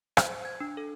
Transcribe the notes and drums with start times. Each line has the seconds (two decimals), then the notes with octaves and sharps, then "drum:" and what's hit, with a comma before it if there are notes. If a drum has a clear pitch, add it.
0.17 C5, drum: rim click
0.45 G#6
0.60 D4
0.77 A4